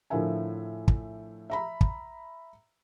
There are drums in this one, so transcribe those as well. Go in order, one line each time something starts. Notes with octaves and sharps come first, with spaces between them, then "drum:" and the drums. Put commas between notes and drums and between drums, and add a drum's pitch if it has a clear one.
A2 D3 F3 A#4 E5 G#5
drum: kick
E5 A#5 B5
drum: kick